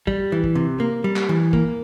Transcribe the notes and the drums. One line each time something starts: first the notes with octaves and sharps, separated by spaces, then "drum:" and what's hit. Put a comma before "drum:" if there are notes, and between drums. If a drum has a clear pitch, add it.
G3, drum: kick
E3
drum: kick
C3
A#3
G3
drum: clap
E3
A#3, drum: kick